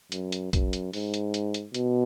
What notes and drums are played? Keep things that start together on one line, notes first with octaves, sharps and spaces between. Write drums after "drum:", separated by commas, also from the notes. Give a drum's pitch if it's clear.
F#2, drum: hi-hat
drum: hi-hat
F#2, drum: kick A#1, hi-hat
drum: hi-hat
G#2, drum: open hi-hat
drum: hi-hat
drum: hi-hat
drum: hi-hat
B2, drum: hi-hat